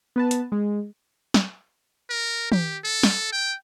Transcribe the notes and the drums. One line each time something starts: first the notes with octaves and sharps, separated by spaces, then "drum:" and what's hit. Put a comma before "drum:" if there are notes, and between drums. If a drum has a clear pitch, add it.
B3 B4 A5
drum: hi-hat
G#3
drum: snare
A#4
G4, drum: tom
A4
drum: snare
G5